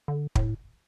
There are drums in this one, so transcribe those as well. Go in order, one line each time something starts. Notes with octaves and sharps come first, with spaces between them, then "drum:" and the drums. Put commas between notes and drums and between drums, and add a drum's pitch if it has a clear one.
D3
A2, drum: kick